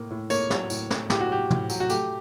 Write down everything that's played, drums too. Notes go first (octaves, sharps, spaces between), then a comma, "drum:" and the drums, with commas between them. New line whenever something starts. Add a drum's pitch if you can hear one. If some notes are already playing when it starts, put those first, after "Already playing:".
Already playing: A2 A#3
A2
A#3 C#5, drum: tambourine
F#3, drum: snare
A2, drum: tambourine
A2, drum: snare
A2 G4, drum: snare
F#4
F#3 G4
A2, drum: tom
F#3, drum: tambourine
F#4
A3 G4, drum: tambourine